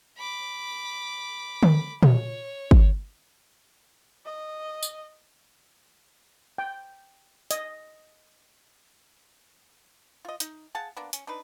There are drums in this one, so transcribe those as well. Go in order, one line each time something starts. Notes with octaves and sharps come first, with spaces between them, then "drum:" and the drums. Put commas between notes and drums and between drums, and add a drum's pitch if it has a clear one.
B5 D6
drum: tom D3
C#5, drum: tom A#2
drum: kick
D#5
drum: tambourine
G5
D#5, drum: hi-hat
F4 D#5
D#4, drum: hi-hat
G#4 F5 F#5 A5
A#3 B3 D4
C#4, drum: hi-hat
D4 D#4 B4